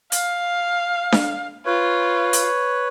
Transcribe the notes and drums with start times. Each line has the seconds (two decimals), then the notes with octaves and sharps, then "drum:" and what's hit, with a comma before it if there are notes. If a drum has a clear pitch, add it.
0.12 F5, drum: hi-hat
1.12 drum: snare D4
1.66 F4 B4 C#5
2.33 drum: hi-hat